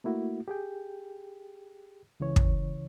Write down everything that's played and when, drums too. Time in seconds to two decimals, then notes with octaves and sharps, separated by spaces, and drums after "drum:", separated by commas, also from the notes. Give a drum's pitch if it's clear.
0.04 A3 A#3 E4 F#4
0.48 G4 G#4 G5
2.20 C#2 C#3 E3 C#5
2.36 drum: kick